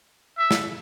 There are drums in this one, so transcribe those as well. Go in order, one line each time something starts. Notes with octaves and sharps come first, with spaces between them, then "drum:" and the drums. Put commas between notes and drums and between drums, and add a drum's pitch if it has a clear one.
E5
drum: snare